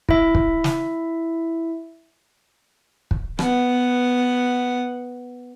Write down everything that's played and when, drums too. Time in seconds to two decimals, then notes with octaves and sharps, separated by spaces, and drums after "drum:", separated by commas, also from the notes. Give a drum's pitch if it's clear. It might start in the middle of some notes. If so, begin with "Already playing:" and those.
0.09 E4 E5, drum: kick
0.35 drum: kick
0.64 drum: snare
3.11 drum: kick
3.39 B3 F#5, drum: rim click